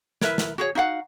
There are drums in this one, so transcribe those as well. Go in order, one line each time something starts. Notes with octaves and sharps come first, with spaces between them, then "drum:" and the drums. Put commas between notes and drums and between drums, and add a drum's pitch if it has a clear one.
E4 A#4 B4 E5, drum: snare
drum: snare
F#4 G#4 C#5
D#4 F#4 F5 F#5